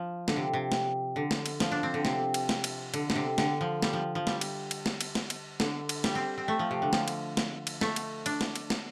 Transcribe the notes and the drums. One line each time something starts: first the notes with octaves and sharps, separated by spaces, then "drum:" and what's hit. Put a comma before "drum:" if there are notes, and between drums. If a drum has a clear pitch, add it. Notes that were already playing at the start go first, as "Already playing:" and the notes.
Already playing: F3
D3, drum: snare
C3
C3
drum: snare
D3
drum: snare
drum: cymbal
F3, drum: snare
D4
C4
D3
C3, drum: snare
drum: cymbal
drum: snare
drum: cymbal
D3, drum: cymbal
D3, drum: snare
C3
D3, drum: snare
F3
G3, drum: snare
F3
F3
G3, drum: snare
drum: cymbal
drum: cymbal
drum: snare
drum: cymbal
drum: snare
drum: cymbal
D3, drum: snare
drum: cymbal
G3, drum: snare
C4
C4
A3
F3
C3
D3
F3, drum: snare
drum: cymbal
drum: snare
drum: cymbal
A3, drum: snare
drum: cymbal
D4, drum: cymbal
drum: snare
drum: cymbal
drum: snare